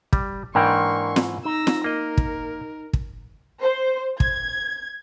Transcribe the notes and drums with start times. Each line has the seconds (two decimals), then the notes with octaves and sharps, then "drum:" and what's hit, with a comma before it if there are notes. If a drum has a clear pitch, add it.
0.13 G3, drum: kick
0.55 G#2 E3 A#3 D4 A#4 G5 C6 C#6
1.16 drum: snare
1.45 D#4 E6 A#6
1.67 drum: snare
1.84 A#3 A#4 D#5
2.17 drum: kick
2.93 drum: kick
3.61 C5
4.20 G#6, drum: kick